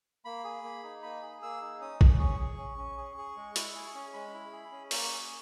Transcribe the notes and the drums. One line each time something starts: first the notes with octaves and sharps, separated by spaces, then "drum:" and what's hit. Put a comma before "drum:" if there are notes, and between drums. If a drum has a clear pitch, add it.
A#3 B5
G#4
A#3
D#4
A#3 B5
G#4
A#3 E6
D#4
C#4 D#6
C#4, drum: kick A#1
G#4 C#6
G#4
C#4
C#4
G#4
G#4
G#3
E4, drum: hi-hat
G#4
C#4
G#3 B5
E4
G#4
C#4
A#3 C#6, drum: open hi-hat
G#4